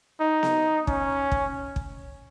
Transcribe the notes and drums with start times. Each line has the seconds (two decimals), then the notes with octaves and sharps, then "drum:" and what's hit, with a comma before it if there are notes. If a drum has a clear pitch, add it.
0.20 D#4
0.43 drum: snare B3
0.87 C#4, drum: kick
1.32 drum: kick
1.76 drum: kick